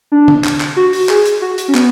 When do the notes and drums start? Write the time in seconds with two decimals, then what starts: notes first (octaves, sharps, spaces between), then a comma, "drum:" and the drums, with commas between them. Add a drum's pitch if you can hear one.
0.12 D4
0.28 drum: tom D3
0.44 drum: clap
0.60 drum: clap
0.76 F#4
0.93 drum: open hi-hat
1.09 G#4, drum: clap
1.25 drum: hi-hat
1.42 F#4
1.58 drum: hi-hat
1.68 C#4
1.75 B3, drum: clap